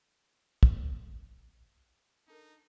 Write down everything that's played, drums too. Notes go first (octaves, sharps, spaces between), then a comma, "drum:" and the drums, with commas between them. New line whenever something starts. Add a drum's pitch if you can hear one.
drum: kick
D4 D#4 A4 A#4